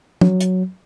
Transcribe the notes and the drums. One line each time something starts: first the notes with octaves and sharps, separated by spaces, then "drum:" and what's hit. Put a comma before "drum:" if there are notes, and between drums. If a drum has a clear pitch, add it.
F#3, drum: tom
drum: hi-hat